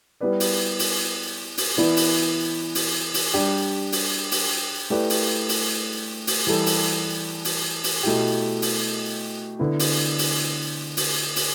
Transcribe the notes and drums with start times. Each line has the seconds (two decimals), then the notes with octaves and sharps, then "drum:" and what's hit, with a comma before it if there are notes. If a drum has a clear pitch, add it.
0.21 G3 B3 E4 B4 D5
0.40 drum: open hi-hat
0.79 drum: open hi-hat
1.57 drum: open hi-hat
1.77 E3 B3 E4 B4 D5
1.97 drum: open hi-hat
2.75 drum: open hi-hat
3.14 drum: open hi-hat
3.33 G3 D4 G4 D5
3.92 drum: open hi-hat
4.31 drum: open hi-hat
4.90 A3 E4 G4 B4 D5
5.10 drum: open hi-hat
5.49 drum: open hi-hat
6.27 drum: open hi-hat
6.47 E3 G3 E4 A4
6.66 drum: open hi-hat
7.45 drum: open hi-hat
7.84 drum: open hi-hat
8.03 B2 A3 E4 G4
8.62 drum: open hi-hat
9.59 D3 B3 E4
9.79 drum: open hi-hat
10.19 drum: open hi-hat
10.97 drum: open hi-hat
11.36 drum: open hi-hat